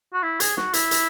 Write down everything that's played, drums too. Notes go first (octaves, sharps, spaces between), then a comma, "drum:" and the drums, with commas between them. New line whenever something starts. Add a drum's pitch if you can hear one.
F#4
E4
G#4, drum: hi-hat
F#4, drum: snare
E4, drum: hi-hat
drum: hi-hat